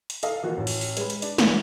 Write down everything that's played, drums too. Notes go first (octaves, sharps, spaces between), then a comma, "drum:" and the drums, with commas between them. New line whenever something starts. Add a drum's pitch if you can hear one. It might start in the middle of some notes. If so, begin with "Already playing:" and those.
drum: hi-hat
A4 D#5 F5, drum: hi-hat
E3 F3 A#3 F#4
A1
drum: open hi-hat
drum: open hi-hat
G#3 B4, drum: hi-hat
drum: hi-hat
D4, drum: hi-hat
E3 C#4, drum: snare